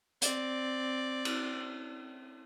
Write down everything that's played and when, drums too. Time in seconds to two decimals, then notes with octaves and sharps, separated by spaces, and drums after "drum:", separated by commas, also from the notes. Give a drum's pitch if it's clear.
0.22 C4 D5, drum: hi-hat
1.25 drum: cymbal